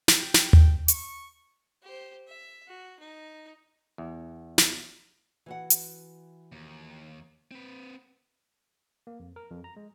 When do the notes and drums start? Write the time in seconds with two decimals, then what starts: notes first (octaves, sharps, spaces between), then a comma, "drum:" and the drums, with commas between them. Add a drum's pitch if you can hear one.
0.08 drum: snare
0.18 G5
0.34 drum: snare
0.53 drum: tom D#2
0.88 C#6, drum: hi-hat
1.83 G4 C5
2.28 E5
2.68 F#4
3.00 D#4
3.98 E2
4.58 drum: snare
5.46 E3 F#4 F#5
5.70 drum: hi-hat
6.52 D#2
7.51 C4 B4
9.07 A#3
9.20 F2
9.36 A#4
9.51 F2
9.64 A#5
9.76 G#3